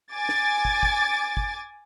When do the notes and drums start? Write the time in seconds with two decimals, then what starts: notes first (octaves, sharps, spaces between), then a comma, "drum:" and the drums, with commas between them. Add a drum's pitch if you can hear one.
0.11 G#5 D6 A6
0.29 drum: snare
0.65 drum: kick
0.83 drum: kick
1.37 drum: kick